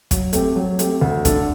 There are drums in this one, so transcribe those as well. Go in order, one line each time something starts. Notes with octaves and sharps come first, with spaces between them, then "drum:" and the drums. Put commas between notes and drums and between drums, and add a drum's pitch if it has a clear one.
F#3, drum: kick, hi-hat
A3 C4 G4, drum: hi-hat
F#3
A3 C4 G4, drum: hi-hat
D2
D3 A3 D4 A4, drum: kick, hi-hat